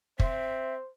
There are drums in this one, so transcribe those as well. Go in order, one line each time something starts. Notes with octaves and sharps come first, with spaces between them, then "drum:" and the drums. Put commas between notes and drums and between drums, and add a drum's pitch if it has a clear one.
C4 C5 E5, drum: kick